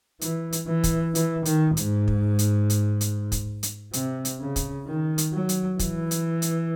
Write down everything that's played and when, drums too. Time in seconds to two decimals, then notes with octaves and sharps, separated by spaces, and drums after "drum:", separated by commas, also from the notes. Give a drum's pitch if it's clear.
0.21 E3, drum: hi-hat
0.52 drum: hi-hat
0.68 E3
0.84 drum: kick, hi-hat
1.15 E3, drum: hi-hat
1.45 D#3, drum: hi-hat
1.77 G#2, drum: hi-hat
2.08 drum: kick
2.39 drum: hi-hat
2.70 drum: hi-hat
3.01 drum: hi-hat
3.32 drum: kick, hi-hat
3.63 drum: hi-hat
3.93 C3, drum: hi-hat
4.25 drum: hi-hat
4.40 C#3
4.56 drum: kick, hi-hat
4.87 D#3
5.18 drum: hi-hat
5.33 F#3
5.49 drum: hi-hat
5.79 E3, drum: kick, hi-hat
6.11 drum: hi-hat
6.42 drum: hi-hat